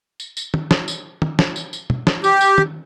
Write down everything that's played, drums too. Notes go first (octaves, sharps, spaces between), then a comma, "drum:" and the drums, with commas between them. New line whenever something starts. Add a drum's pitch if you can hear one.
drum: tambourine
drum: tambourine
drum: tom
drum: snare
drum: tambourine
drum: tom
drum: snare
drum: tambourine
drum: tambourine
drum: tom
drum: snare
G4, drum: tambourine
drum: tambourine
drum: tom